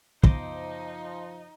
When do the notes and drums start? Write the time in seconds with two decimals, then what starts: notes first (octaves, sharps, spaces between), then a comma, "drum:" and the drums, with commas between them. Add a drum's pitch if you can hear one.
0.23 F#2 C#3 F3 B3 D#4 C5 D#5 D6, drum: kick